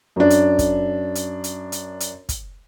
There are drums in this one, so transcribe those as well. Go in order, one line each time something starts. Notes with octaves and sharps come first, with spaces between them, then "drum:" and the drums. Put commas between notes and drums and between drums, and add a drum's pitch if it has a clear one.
F#2 D4
drum: hi-hat
drum: kick, hi-hat
drum: hi-hat
drum: hi-hat
drum: hi-hat
drum: hi-hat
drum: kick, hi-hat